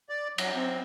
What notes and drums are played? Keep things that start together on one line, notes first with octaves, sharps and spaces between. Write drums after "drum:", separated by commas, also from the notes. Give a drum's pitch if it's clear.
D5
F#3, drum: cymbal
C4